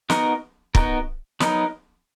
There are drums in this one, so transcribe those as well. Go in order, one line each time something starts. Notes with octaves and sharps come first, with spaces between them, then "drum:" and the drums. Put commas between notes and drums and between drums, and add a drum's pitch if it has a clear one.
B3 D#4 F#4 A#4, drum: snare
B3 D#4 F#4 A#4, drum: kick
F#3 B3 D#4 A#4, drum: snare